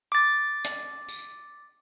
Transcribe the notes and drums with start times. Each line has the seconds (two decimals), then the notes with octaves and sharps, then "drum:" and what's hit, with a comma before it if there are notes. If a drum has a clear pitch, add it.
0.12 D6 A6
0.65 drum: hi-hat
1.09 drum: tambourine